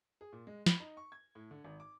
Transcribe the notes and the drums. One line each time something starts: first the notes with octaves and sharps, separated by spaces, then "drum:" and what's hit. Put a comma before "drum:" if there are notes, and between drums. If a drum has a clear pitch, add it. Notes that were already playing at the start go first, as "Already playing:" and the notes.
G#4
A#2
G#3
B5, drum: snare
D#4
C#6
G#6
A2
D3
G#1
D6